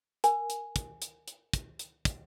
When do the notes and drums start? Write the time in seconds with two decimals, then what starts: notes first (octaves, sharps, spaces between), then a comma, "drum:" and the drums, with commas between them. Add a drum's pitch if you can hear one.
0.24 A#4 G#5, drum: hi-hat
0.50 drum: hi-hat
0.76 drum: kick, hi-hat
1.02 drum: hi-hat
1.28 drum: hi-hat
1.53 drum: kick, hi-hat
1.79 drum: hi-hat
2.05 drum: kick, hi-hat